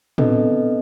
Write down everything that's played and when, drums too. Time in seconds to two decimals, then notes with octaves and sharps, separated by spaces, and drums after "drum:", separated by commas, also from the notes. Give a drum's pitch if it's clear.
0.18 B3 C4 D4 A4 B4 D#5, drum: tom A2